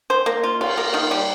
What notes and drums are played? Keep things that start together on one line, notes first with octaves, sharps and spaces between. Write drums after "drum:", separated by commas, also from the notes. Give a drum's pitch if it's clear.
C5
A#3
F4
F4, drum: cymbal
A#3
D#3
G3